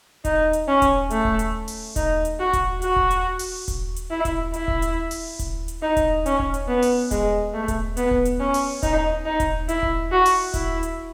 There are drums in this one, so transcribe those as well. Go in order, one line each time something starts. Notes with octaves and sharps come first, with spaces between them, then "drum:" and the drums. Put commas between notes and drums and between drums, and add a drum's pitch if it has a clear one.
D#4, drum: kick D#1, hi-hat
drum: hi-hat
C#4
drum: kick D#1, hi-hat
A3, drum: hi-hat
drum: kick D#1
drum: hi-hat
drum: open hi-hat
D#4, drum: kick D#1, hi-hat
drum: hi-hat
F#4
drum: kick D#1, hi-hat
F#4, drum: hi-hat
drum: kick D#1
drum: hi-hat
drum: open hi-hat
drum: kick D#1, hi-hat
drum: hi-hat
E4
drum: kick D#1, hi-hat
E4, drum: hi-hat
drum: kick D#1
drum: hi-hat
drum: open hi-hat
drum: kick D#1, hi-hat
drum: hi-hat
D#4
drum: kick D#1, hi-hat
C#4, drum: hi-hat
drum: kick D#1
drum: hi-hat
B3
drum: open hi-hat
G#3, drum: kick D#1, hi-hat
A3
drum: kick D#1, hi-hat
B3, drum: hi-hat
drum: kick D#1
drum: hi-hat
C#4
drum: open hi-hat
D#4, drum: kick D#1, hi-hat
D#4
drum: kick D#1, hi-hat
E4, drum: hi-hat
drum: kick D#1
F#4
drum: open hi-hat
E4, drum: kick D#1, hi-hat
drum: hi-hat